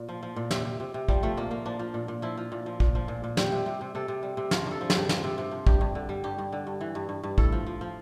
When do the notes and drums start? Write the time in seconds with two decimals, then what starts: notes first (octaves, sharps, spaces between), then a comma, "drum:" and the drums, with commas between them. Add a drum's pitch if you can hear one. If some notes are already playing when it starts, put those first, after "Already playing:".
Already playing: A#2
0.09 F3
0.23 F3
0.36 A#2
0.51 C3, drum: snare
0.65 C3
0.80 C3
0.94 C3
1.08 F3 G3, drum: kick
1.23 F3 A3
1.37 A#2 A#3
1.51 F3 A#3
1.66 F3 D4
1.79 F3
1.94 A#2
2.08 A#2
2.22 F3 E4
2.37 F3
2.52 A#2
2.66 F3
2.80 A#2, drum: kick
2.95 F3
3.08 A#2
3.24 A#2
3.37 G3 G4, drum: snare
3.52 C3
3.66 C3
3.81 C3
3.95 C3 A4
4.08 C3
4.23 G3
4.37 C3
4.51 F3 A#4, drum: snare
4.66 G2
4.71 A4
4.81 F3
4.90 G4, drum: snare
4.95 G2
5.09 F3, drum: snare
5.24 C3
5.38 C3
5.51 F3
5.67 G2 G4, drum: kick
5.81 G2
5.95 D3
6.09 G3
6.24 G2 G4
6.38 G2
6.52 D3
6.67 G2
6.81 E3
6.95 G2
7.09 G2
7.23 G2
7.38 A2 A4, drum: kick
7.52 F3
7.66 F3
7.81 F3